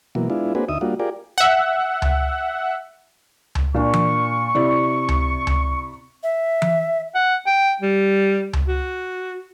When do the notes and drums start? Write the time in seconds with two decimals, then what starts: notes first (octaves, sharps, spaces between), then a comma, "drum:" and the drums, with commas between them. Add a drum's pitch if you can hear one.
0.15 B2 E3 F#3 A#3
0.30 G#3 B3 D4 E4 F4
0.55 A#3 C4 D4 F#4 G#4 B4
0.69 D2 D#4 E5 D#6
0.81 G3 A#3 D4 F4 F#4
1.00 F4 G4 G#4 A#4 D5
1.38 E5 F#5
2.02 drum: tom C#2
3.55 drum: tom C#2
3.74 A#2 D4 C#6
3.94 drum: tom E3
4.55 C3 E4 D5
5.08 drum: tom C#2
5.47 drum: tom C#2
6.23 E5
6.62 drum: tom E3
7.15 F#5
7.47 G5
7.82 G3
8.53 drum: tom C#2
8.68 F#4